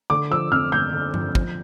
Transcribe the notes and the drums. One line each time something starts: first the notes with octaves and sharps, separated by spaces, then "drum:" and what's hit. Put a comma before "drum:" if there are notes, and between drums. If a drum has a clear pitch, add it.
D3 D6
F3 E6
F2 F6
G1 G6
D3
F3, drum: tom G2
F3, drum: kick